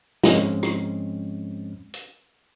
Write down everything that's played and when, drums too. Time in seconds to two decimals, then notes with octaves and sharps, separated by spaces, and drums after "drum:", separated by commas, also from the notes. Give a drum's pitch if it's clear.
0.23 G#2 F3 G#3 C4 C#4, drum: snare
0.63 drum: rim click
1.94 drum: hi-hat